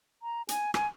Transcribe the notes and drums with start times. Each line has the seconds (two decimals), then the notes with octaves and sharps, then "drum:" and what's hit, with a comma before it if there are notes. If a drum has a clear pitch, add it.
0.22 A#5
0.49 G#5, drum: hi-hat
0.74 G#5, drum: rim click